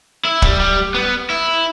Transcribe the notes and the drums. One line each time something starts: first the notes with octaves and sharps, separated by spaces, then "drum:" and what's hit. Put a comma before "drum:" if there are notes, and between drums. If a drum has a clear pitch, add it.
E4
G3, drum: kick
G3
B3
E4